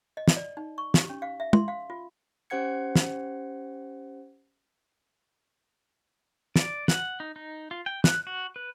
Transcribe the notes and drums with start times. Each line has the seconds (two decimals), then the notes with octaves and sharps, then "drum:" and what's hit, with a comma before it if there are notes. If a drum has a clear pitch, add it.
0.17 D#5
0.28 drum: snare
0.37 D5
0.57 D#4
0.78 C#6
0.94 G4, drum: snare
1.10 C#4
1.22 F5
1.40 E5
1.53 C6, drum: tom
1.68 F5
1.90 F4
2.50 C#4 G4 C5 F#5 G#6 C#7
2.96 drum: snare
6.56 D5, drum: snare
6.88 F#5, drum: snare
7.20 D#4
7.36 D#4
7.71 F4
7.86 G5
8.04 F#6, drum: snare
8.27 F#4
8.56 B4